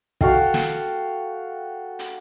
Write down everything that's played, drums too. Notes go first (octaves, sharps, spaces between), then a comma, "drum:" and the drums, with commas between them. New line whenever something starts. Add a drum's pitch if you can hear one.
F#4 A4 F5 G5, drum: kick
drum: snare
drum: hi-hat